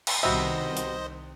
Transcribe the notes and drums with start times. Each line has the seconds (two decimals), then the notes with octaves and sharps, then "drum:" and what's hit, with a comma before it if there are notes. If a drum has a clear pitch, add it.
0.07 drum: cymbal
0.23 C2 B2 D#3 G3 F#4 C5 D#5 E5
0.77 drum: hi-hat